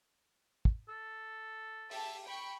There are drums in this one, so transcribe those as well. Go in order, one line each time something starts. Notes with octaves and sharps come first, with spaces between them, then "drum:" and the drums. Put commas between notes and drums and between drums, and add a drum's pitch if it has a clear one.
drum: kick
A4
G4 E5 A5, drum: open hi-hat
G5 B5 C#6